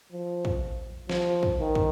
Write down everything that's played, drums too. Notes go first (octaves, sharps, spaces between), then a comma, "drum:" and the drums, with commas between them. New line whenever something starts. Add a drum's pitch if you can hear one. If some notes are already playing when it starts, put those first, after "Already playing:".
F3
drum: kick
F3, drum: snare
drum: kick
D#3
drum: kick